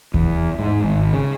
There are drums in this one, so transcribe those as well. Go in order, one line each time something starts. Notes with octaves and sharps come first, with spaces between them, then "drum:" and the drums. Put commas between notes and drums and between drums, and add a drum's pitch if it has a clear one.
E2, drum: kick D#2
G#2
G#1
C#3